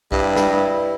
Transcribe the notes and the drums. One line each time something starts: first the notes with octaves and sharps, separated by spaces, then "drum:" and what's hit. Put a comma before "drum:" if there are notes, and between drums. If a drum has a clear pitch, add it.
G2 G3 E4 B4, drum: kick B1
drum: snare